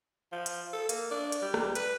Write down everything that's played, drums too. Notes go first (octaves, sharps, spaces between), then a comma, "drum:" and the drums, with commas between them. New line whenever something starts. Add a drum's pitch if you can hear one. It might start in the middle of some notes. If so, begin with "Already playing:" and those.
F3
drum: hi-hat
A4
A#3, drum: hi-hat
D4
drum: hi-hat
G3
drum: rim click
B4, drum: hi-hat